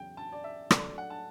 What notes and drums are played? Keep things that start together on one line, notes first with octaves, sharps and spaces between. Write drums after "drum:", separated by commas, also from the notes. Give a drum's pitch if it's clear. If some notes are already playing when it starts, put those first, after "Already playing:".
Already playing: E2 C#3 F#3 G5
A5
D5
E5
G2 F#3 A3 D5, drum: rim click
F#5
A5